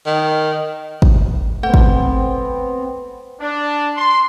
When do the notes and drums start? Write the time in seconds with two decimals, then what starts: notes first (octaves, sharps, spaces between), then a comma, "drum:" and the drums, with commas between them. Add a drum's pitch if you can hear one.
0.06 D#3
1.02 drum: kick
1.63 A3 B3 C4 A4 F#5
1.74 drum: kick
3.40 D4
3.97 C6